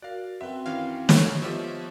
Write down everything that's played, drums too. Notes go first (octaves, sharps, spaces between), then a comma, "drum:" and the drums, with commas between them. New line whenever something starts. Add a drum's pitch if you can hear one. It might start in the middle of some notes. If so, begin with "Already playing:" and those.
F#4 A#4 D5 F5
F#2 C4 B4 E5 G5
D#3 E3 C#4 F5
A2 C#5, drum: snare
F3 B3 G4 C5 D#5 E5